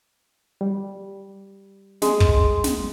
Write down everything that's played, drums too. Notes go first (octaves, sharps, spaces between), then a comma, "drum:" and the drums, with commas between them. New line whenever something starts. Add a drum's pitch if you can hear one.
G3
G#3, drum: snare
drum: kick
drum: snare